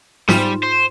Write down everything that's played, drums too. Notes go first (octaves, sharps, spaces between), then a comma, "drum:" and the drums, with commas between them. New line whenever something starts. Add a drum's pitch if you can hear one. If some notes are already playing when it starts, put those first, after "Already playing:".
G#2 G3 F4 E7, drum: snare
C5